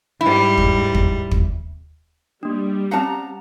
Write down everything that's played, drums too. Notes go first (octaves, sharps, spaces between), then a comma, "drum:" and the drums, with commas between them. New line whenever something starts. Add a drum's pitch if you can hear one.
G#2 G3 E4
drum: kick
drum: kick
drum: kick
G3 A#3 D4
C4 C#4 F#5 A5 A#5 C7